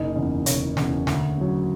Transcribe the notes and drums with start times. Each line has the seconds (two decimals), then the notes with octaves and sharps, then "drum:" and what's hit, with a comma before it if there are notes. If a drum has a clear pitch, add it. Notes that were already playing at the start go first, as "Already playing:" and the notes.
Already playing: F#1 D#4 D#5
0.16 E2 C#3
0.46 F#1 C#5, drum: hi-hat
0.77 E2 C#3, drum: snare
1.07 D2, drum: snare
1.38 C#3 F#3